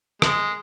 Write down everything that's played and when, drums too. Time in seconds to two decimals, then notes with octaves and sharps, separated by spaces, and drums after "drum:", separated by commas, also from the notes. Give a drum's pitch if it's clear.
0.22 G#3, drum: rim click